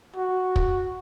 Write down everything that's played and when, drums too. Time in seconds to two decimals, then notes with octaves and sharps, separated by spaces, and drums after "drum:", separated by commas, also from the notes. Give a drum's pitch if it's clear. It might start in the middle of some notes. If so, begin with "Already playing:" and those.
0.17 F#4
0.56 drum: kick